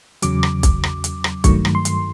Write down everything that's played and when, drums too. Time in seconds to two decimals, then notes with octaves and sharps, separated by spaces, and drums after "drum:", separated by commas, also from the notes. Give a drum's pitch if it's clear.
0.22 E2 C#3 F#3 D6, drum: hi-hat
0.43 drum: rim click
0.63 drum: kick, hi-hat
0.84 drum: rim click
1.04 drum: hi-hat
1.24 drum: rim click
1.44 G2 D#3 F#3 A3 C#6, drum: kick, hi-hat
1.65 drum: rim click
1.75 C6
1.85 drum: hi-hat